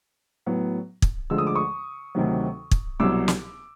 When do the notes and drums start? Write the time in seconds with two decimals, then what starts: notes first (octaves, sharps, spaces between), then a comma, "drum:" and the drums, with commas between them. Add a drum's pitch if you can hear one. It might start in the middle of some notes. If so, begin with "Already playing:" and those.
0.46 A2 F#3 B3
1.02 drum: kick
1.30 D2 D3 F3 G#3 E6
1.38 D#6
1.47 D6
1.55 C#6 D#6
2.15 D2 C3 D#3 F#3
2.71 drum: kick
3.00 C2 B2 F#3 D6 E6
3.28 drum: snare